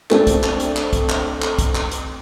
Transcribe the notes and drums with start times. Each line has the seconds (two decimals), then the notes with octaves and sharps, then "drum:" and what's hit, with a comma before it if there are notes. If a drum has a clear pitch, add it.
0.10 A3 C4 D4 A4, drum: clap
0.27 drum: kick, hi-hat
0.43 drum: clap
0.60 drum: hi-hat
0.76 drum: clap
0.93 drum: kick, hi-hat
1.09 drum: clap
1.42 drum: clap
1.59 drum: kick, hi-hat
1.75 drum: clap
1.91 drum: hi-hat